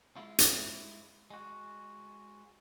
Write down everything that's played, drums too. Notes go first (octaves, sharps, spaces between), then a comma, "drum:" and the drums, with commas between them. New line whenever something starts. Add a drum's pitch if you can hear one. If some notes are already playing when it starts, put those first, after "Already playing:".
G#3 E4 F4
drum: hi-hat
G#3 F#4